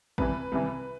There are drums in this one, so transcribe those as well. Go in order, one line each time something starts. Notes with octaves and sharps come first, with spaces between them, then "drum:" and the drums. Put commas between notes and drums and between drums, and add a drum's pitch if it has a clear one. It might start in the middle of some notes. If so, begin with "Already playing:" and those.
C2 C3 E3 B4, drum: kick A1
C2 C3 E3